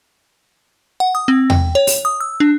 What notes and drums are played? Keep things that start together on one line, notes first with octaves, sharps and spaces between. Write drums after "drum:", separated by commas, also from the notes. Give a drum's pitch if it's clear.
F#5
D#6
C4
G5, drum: tom E2
C#5
drum: open hi-hat
D#6
E6
D4